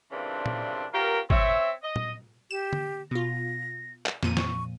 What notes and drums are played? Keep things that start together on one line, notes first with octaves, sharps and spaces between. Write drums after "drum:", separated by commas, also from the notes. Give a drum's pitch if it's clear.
G2 A#2 C#3 E3 C4 D4
drum: tom A#2
B3 C#4 F4 G4 A#4
C4 C#5 E5, drum: kick G#1
D#5
drum: tom A#2
G4 E7
drum: tom D3
B2 F4 A#6
drum: clap
F2 A#2 D#7, drum: snare
C#6, drum: snare